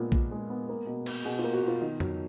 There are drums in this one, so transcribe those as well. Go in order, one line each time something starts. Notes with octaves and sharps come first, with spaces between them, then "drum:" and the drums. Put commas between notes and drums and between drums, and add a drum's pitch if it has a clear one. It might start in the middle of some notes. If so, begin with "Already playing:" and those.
Already playing: A#2 G#3 B3 A#4
A#2, drum: kick A#1
G#3
B3
A#3
B2
A#3, drum: cymbal
B2 G#4
F4
A#3
F#4
B2 F4
D#3 D#5
F#3, drum: tom F2